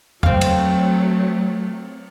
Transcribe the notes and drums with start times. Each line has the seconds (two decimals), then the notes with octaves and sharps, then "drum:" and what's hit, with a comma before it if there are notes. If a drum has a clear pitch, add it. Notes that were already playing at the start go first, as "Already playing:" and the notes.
0.23 F#3 A3 C4 F5, drum: tom E2
0.41 drum: cymbal